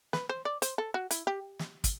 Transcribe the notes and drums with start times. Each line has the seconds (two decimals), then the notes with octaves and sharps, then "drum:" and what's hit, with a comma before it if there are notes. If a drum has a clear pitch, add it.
0.13 B4, drum: snare
0.29 C5
0.45 D5
0.62 C5, drum: hi-hat
0.78 A4
0.94 F#4
1.11 E4, drum: hi-hat
1.27 G4
1.59 drum: snare
1.84 drum: kick, hi-hat